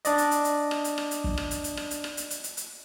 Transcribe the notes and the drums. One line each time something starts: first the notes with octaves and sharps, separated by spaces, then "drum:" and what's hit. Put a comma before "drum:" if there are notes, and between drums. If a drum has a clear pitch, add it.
D4 D5 D#5, drum: hi-hat
drum: hi-hat
drum: hi-hat
drum: hi-hat
drum: rim click
drum: hi-hat
drum: rim click
drum: hi-hat
drum: kick
drum: rim click
drum: hi-hat
drum: hi-hat
drum: rim click
drum: hi-hat
drum: rim click
drum: hi-hat
drum: hi-hat
drum: hi-hat
drum: hi-hat